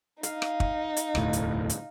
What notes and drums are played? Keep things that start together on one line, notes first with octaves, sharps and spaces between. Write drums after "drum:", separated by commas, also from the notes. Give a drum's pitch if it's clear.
D#4 F5, drum: hi-hat
drum: rim click
drum: kick
drum: hi-hat
E1 D2 A2, drum: rim click
drum: hi-hat
drum: hi-hat